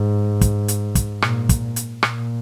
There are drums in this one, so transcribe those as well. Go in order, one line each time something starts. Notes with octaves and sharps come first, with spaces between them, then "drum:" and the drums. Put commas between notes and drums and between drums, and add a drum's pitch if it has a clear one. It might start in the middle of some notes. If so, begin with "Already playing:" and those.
Already playing: G#2
drum: kick, hi-hat
drum: hi-hat
drum: kick, hi-hat
A#2, drum: rim click
drum: kick, hi-hat
drum: hi-hat
A#2, drum: rim click